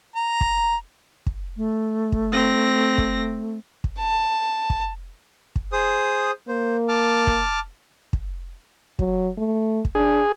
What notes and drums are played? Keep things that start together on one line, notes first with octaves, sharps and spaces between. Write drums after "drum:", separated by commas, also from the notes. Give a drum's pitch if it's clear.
A#5
drum: kick
drum: kick
A3
drum: kick
C4 A#6
drum: kick
drum: kick
A5
drum: kick
drum: kick
G#4 C5 D#6
A#3 C5
A5 D6 F6
drum: kick
drum: kick
F#3, drum: kick
A3
drum: kick
D4 G#4